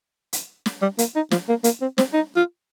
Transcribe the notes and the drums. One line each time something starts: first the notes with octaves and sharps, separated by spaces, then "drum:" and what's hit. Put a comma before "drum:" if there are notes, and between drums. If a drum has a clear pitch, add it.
drum: hi-hat
drum: snare
G3
A#3, drum: hi-hat
D#4
F3, drum: snare
A#3
A#3, drum: hi-hat
C4
C4, drum: snare
D#4
F4